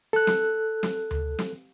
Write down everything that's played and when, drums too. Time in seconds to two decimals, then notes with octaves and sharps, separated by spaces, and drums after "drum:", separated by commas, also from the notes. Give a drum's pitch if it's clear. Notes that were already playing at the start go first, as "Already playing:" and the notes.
0.13 A4 F#6
0.27 drum: snare
0.83 drum: snare
1.11 drum: tom D2
1.39 drum: snare